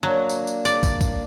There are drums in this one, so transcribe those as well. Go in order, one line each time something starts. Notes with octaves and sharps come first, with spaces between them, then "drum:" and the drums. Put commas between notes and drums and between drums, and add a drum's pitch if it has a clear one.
F#3 A#3 D4
drum: tambourine
drum: tambourine
D5, drum: tambourine
drum: kick, tambourine
drum: kick, tambourine